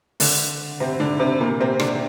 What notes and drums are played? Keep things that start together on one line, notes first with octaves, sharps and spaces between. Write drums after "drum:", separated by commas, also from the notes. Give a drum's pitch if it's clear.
D3 D4, drum: open hi-hat
C3 C4
D3 D4
C3 C4
A#2 A#3
C3 C4
D3 D4, drum: rim click